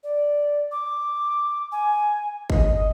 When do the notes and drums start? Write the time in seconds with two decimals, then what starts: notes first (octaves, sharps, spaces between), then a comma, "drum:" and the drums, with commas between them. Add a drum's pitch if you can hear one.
0.03 D5
0.72 D6
1.72 G#5
2.50 D#5, drum: kick G1